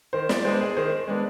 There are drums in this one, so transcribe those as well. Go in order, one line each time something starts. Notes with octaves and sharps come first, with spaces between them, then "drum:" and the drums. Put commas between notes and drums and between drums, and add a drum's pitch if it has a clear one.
D#3 C5
D5, drum: snare
G#3 B3 D4 C5
G#4
D#3 C5
G#3 B3 D4